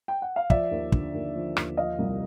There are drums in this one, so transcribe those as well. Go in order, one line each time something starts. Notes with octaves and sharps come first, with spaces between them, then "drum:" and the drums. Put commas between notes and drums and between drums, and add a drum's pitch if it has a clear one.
G5
F#5
F5
F3 D5 E5, drum: kick
D#2
D3, drum: kick
D#2
F3
D#2, drum: rim click
F3 D#5 F5
C2